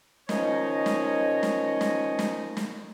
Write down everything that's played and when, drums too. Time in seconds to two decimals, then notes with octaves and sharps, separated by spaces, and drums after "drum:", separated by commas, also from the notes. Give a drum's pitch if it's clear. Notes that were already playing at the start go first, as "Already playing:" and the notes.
0.29 D#3 F3 C#4 D#4 C#5 D#5, drum: snare
0.86 drum: snare
1.43 drum: snare
1.81 drum: snare
2.19 drum: snare
2.57 drum: snare